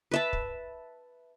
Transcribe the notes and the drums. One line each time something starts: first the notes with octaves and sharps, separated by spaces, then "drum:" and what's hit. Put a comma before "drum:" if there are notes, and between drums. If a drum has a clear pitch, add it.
B4 E5 A5
drum: kick